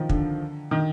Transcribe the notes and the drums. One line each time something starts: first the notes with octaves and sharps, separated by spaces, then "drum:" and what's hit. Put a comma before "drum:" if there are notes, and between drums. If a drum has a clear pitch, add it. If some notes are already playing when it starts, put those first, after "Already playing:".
Already playing: D#3 F3
D3, drum: kick
D#3